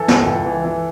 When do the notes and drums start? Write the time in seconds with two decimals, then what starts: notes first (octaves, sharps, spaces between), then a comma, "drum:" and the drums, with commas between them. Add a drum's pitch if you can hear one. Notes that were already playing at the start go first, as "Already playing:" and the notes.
Already playing: E3 A4
0.08 C#2, drum: snare
0.26 C#2
0.46 E3
0.64 E3